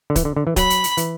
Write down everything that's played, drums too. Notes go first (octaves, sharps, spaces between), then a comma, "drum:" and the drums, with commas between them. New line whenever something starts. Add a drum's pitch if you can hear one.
D3
E3, drum: kick, hi-hat
D3
D3
E3
F#3 B5, drum: kick, hi-hat
drum: hi-hat
drum: hi-hat
E3, drum: hi-hat